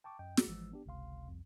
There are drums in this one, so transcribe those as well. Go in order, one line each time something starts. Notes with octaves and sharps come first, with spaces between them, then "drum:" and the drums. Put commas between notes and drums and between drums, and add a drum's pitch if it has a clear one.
G5 A5 C#6 D6
F#2 D#5 G5
drum: snare
G#1 E3 F3 G#3 E6
B3 D4 G4
G1 C#2 C3 F5 C6
C2 F2